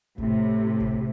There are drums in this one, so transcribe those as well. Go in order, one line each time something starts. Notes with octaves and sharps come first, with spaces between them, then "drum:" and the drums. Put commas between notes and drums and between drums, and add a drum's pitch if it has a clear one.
A2 C3, drum: kick G1
drum: kick G1